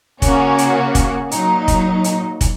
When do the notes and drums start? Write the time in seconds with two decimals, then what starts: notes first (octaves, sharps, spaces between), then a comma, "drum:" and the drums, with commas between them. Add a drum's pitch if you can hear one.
0.22 C#3 A#3 C#4 F#4, drum: kick, hi-hat
0.58 drum: hi-hat
0.95 drum: kick, hi-hat
1.31 A#2 F#3 D#4, drum: hi-hat
1.68 drum: kick, hi-hat
2.04 drum: hi-hat
2.41 drum: kick, hi-hat